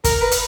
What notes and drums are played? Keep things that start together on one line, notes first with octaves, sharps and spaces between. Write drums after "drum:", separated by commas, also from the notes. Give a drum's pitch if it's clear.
A#4, drum: kick, hi-hat
B4
drum: hi-hat